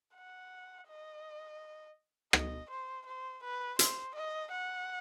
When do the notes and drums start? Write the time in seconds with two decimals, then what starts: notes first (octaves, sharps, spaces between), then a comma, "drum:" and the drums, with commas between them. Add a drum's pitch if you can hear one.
0.16 F#5
0.88 D#5
2.33 D#5, drum: rim click
2.70 C5
3.06 C5
3.43 B4
3.79 C5, drum: hi-hat
4.15 D#5
4.51 F#5